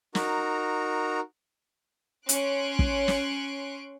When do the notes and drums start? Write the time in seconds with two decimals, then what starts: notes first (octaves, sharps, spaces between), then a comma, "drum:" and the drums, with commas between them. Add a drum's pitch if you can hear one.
0.15 D#4 F#4 A#4 A#5, drum: snare
2.29 C#4 C6 C#6 F#6 D7, drum: hi-hat
2.79 drum: kick
3.08 drum: snare